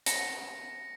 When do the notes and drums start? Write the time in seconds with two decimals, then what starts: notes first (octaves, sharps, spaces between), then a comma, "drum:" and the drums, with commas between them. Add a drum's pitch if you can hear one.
0.06 A#6 C#7, drum: hi-hat